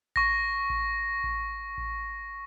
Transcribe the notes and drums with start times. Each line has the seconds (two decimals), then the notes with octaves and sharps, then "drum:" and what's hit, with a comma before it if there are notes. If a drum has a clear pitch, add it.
0.16 C#6 A#6, drum: kick A1
0.70 drum: kick A1
1.24 drum: kick A1
1.78 drum: kick A1